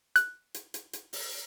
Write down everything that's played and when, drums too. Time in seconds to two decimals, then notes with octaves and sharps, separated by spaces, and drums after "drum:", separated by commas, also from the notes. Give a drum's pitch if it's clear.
0.16 F#6, drum: hi-hat
0.54 drum: hi-hat
0.74 drum: hi-hat
0.93 drum: hi-hat
1.13 drum: open hi-hat